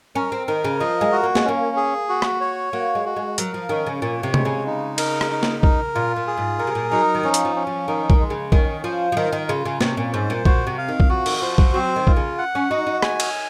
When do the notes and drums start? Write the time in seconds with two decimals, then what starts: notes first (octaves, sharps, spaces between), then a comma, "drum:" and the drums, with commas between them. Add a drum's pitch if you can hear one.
0.15 C#4 A#4
0.32 C4
0.47 D#3 A#4
0.64 C#3
0.80 F3 D#5
1.01 G#3
1.12 F#4
1.23 A#3
1.35 G#3, drum: snare
1.45 A#3 C#4
1.77 G#4
2.09 F#4
2.22 drum: rim click
2.41 C#5
2.73 A#3 F#4
2.95 G#3
3.05 F#4
3.16 G#3
3.38 F#3 A#4, drum: hi-hat
3.54 F3
3.69 D#3 C#4
3.86 C#3
4.01 A#2 C#5
4.23 C3
4.34 G#3, drum: tom C3
4.45 C#3
4.66 D#4
4.98 A#4, drum: cymbal
5.21 drum: rim click
5.31 D#4
5.43 drum: snare
5.63 A#4, drum: kick A#1
5.95 A#2 F4
6.16 A#2
6.27 G#4
6.37 G#2
6.59 A#2 A#4
6.67 C3
6.75 A#2
6.92 F#3 D#4
7.15 D#3
7.23 F3 C#4
7.34 drum: hi-hat
7.45 F3
7.56 C#4
7.67 F3
7.88 D#3 D#4
8.10 D#3, drum: kick A#1
8.20 G#3
8.30 C#3
8.52 D#3 C#4, drum: kick A#1
8.84 F3 C5
9.12 F3
9.17 D#3 A#4
9.33 D#3
9.48 C#3 F4
9.65 C#3
9.81 C3 C#4, drum: snare
9.97 A#2
10.13 G#2 C5
10.30 A#2
10.45 A#2 F#4, drum: kick A#1
10.67 C3
10.78 F5
10.88 D#3
11.00 drum: kick A#1
11.09 F3 F#4
11.26 D#3, drum: cymbal
11.42 F3 C5
11.58 F#3, drum: kick A#1
11.74 F#3 C4
11.96 D#3
12.07 F4, drum: kick A#1
12.16 C#3
12.38 F#5
12.55 C#4
12.70 D#4 F#4
12.87 D#4
13.02 G#5, drum: rim click
13.20 drum: cymbal